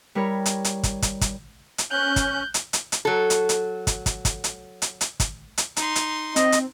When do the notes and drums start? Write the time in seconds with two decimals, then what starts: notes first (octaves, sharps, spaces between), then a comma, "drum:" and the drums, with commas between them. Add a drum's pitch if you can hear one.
0.15 G3 E4 A#4 C#5
0.46 drum: hi-hat
0.65 drum: hi-hat
0.83 drum: kick, hi-hat
1.02 drum: kick, hi-hat
1.21 drum: kick, hi-hat
1.78 drum: hi-hat
1.91 C#4 F#6 G6
2.16 drum: kick, hi-hat
2.54 drum: hi-hat
2.73 drum: hi-hat
2.92 drum: hi-hat
3.05 F#3 A4
3.30 drum: hi-hat
3.49 drum: hi-hat
3.87 drum: kick, hi-hat
4.06 drum: kick, hi-hat
4.25 drum: kick, hi-hat
4.44 drum: hi-hat
4.82 drum: hi-hat
5.01 drum: hi-hat
5.20 drum: kick, hi-hat
5.58 drum: hi-hat
5.77 D#4 C6, drum: hi-hat
5.95 drum: hi-hat
6.36 C4 D#5, drum: hi-hat
6.52 drum: hi-hat